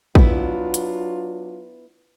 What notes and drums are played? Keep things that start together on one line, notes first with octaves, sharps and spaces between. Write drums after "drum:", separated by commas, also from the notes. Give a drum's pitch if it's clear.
F#3 B3 D4 E4 F4, drum: kick
drum: hi-hat